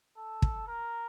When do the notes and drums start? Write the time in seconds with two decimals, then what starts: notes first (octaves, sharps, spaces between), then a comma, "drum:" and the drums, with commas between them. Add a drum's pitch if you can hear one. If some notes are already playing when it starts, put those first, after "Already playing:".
0.17 A4
0.42 drum: kick
0.67 A#4